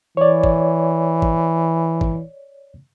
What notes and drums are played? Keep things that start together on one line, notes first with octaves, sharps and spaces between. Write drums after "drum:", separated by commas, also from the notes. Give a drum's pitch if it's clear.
E3 C#5 D5
drum: kick
drum: kick
drum: kick